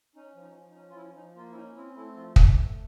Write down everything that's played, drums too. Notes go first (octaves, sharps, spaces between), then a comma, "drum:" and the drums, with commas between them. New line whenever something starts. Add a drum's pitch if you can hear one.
C#4 D#4
F3
D#4
F3
D#4
C#4
F4
F3 E4
F3 D#4
A#3 F4
E4
C#4 D#4
C4 E4
A3 E4
F3 F4
A3 D#4, drum: kick
A3